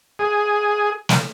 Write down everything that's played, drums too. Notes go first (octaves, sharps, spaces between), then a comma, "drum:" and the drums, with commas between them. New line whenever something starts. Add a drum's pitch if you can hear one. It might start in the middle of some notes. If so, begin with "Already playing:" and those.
G#4
drum: snare